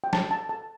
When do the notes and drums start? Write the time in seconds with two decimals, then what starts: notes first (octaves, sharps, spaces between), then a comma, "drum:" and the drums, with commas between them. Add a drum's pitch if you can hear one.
0.04 G5
0.13 A5, drum: snare
0.31 A5
0.49 A5